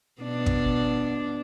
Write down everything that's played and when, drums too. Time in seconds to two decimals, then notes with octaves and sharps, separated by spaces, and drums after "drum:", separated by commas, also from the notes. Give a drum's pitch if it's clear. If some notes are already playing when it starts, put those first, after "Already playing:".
0.22 B2 D4
0.46 drum: kick